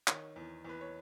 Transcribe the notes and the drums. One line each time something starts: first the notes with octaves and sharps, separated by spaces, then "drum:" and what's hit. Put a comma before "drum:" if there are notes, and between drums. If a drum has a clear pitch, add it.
D#3 C#5, drum: clap
E2
E2 B4
C#5